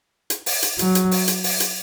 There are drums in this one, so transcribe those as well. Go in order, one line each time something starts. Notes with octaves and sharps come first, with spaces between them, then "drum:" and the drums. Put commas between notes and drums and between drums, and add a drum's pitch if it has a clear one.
drum: hi-hat
drum: open hi-hat
drum: hi-hat
F#3, drum: hi-hat
drum: hi-hat
drum: open hi-hat
drum: hi-hat
drum: open hi-hat
drum: hi-hat